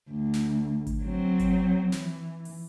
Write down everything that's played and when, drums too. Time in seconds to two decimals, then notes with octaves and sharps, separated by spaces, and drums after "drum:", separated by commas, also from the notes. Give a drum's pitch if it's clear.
0.10 D2
0.34 drum: snare
0.87 drum: kick G#1, hi-hat
1.02 F#3 C4
1.39 drum: kick G#1, hi-hat
1.92 E3, drum: snare
2.45 drum: open hi-hat